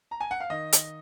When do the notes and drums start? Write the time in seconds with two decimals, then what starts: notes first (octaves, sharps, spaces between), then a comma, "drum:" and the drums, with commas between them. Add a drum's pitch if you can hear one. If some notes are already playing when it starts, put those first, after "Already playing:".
0.11 A#5
0.20 G#5
0.31 F#5
0.40 F5
0.50 D#3 D#5
0.73 drum: hi-hat